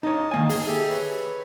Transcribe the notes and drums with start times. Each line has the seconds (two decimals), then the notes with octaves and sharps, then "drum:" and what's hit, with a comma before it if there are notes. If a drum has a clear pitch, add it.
0.03 D#4 C#5 D#5 A5
0.31 D#3 A#3 G#5
0.49 G#4, drum: open hi-hat
0.66 G4 A4 E5
0.89 B4 C#5